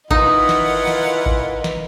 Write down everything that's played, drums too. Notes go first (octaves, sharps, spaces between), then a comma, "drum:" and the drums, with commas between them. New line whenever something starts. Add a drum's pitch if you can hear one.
E3 D#4 F4 A#4 B4 D#5 F#5, drum: kick G#1
drum: snare
drum: snare
drum: kick G#1
drum: snare